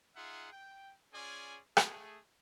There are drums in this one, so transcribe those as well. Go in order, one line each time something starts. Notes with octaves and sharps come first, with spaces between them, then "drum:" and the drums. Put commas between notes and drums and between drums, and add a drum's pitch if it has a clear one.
D#4 F4 G#4 E5 F#5
G5
C#4 F4 G#4 D5 G#5
A3 G#4, drum: rim click